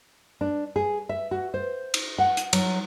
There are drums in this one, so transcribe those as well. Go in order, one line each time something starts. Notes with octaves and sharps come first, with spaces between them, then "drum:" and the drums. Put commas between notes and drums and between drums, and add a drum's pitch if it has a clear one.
D4
G#4
E5
F#4
C5
drum: cymbal
F#5
drum: hi-hat
F#3, drum: cymbal